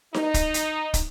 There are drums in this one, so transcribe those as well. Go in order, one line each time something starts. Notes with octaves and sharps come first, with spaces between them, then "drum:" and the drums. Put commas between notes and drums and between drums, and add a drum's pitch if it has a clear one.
D#4, drum: snare D#4
drum: kick, hi-hat
drum: hi-hat
drum: kick, hi-hat